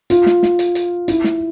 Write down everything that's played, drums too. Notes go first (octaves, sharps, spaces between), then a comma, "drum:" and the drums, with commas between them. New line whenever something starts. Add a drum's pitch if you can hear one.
F4, drum: hi-hat
drum: snare
drum: snare
drum: hi-hat
drum: hi-hat
E4, drum: hi-hat
drum: snare